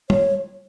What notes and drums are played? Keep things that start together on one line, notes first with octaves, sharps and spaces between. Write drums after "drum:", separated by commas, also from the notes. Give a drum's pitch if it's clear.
C#5, drum: tom